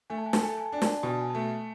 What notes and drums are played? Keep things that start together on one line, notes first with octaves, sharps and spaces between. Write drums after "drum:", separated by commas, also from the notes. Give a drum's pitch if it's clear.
A3 G#5
A5
G#5
A5, drum: snare
A4 G#5
A5
G#5
A5
D4 G#5
A5, drum: snare
G#5
A5
B2 G#5
A5
G#5
A5
A3 G#5